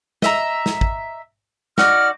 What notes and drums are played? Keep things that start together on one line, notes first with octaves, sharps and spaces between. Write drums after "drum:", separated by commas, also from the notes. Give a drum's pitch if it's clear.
D#5 E5 A#5, drum: snare
drum: snare
drum: kick
D#4 F#4 D5 F6, drum: snare